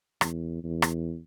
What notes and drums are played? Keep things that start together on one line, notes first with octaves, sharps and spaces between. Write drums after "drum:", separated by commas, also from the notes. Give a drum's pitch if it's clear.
E2, drum: rim click
E2
drum: rim click